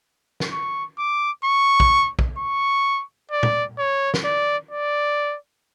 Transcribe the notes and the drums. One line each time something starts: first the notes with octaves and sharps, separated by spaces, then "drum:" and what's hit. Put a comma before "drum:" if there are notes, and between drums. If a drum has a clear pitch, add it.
drum: snare
C#6
D6
C#6
drum: kick
drum: kick
C#6
D5
drum: tom
C#5
drum: snare
D5
D5